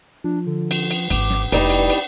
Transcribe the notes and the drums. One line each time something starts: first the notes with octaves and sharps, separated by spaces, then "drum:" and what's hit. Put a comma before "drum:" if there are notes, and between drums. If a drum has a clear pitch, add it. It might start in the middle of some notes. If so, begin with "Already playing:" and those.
F3 D4
D3
drum: cymbal
drum: cymbal
G#1 E3 D6, drum: cymbal
drum: snare
F1 G3 D#4 E4 B4 D5, drum: cymbal
drum: cymbal
drum: cymbal